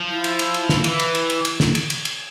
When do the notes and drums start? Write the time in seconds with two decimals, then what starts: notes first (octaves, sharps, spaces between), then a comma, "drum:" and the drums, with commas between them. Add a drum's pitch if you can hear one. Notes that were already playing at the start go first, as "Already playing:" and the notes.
Already playing: F3
0.09 E4
0.24 drum: cymbal
0.39 drum: cymbal
0.54 drum: cymbal
0.69 drum: snare
0.84 E3 E4, drum: cymbal
1.00 drum: cymbal
1.15 drum: cymbal
1.30 drum: cymbal
1.45 drum: cymbal
1.60 drum: snare
1.75 drum: cymbal
1.90 drum: cymbal
2.05 drum: cymbal